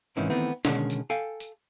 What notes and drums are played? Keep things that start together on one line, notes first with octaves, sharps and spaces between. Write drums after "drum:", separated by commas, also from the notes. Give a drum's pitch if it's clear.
G#2 C3 D#3 E3 C#4 E4
D#3 E3 A3 B3 C4
B2 D3 D#3 G#3 C#4, drum: snare
drum: tambourine
A4 F5 G5 G#5
drum: tambourine